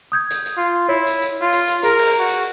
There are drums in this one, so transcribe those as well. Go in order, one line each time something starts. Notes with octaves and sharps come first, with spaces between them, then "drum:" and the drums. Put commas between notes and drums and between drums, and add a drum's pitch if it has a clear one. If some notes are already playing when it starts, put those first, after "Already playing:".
D#6 G6 G#6
drum: hi-hat
drum: hi-hat
F4
E4 C#5
drum: hi-hat
drum: hi-hat
F4
drum: hi-hat
drum: hi-hat
G#4 A#4, drum: hi-hat
drum: open hi-hat
F#4
drum: hi-hat